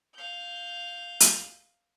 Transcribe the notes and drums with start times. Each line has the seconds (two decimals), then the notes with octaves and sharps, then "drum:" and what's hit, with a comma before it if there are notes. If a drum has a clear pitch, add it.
0.14 F5 G6
1.20 drum: hi-hat